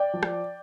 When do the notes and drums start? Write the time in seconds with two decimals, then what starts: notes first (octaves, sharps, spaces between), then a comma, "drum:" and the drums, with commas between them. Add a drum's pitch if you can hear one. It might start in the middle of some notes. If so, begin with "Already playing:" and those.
Already playing: D5 G5
0.13 F3
0.23 drum: rim click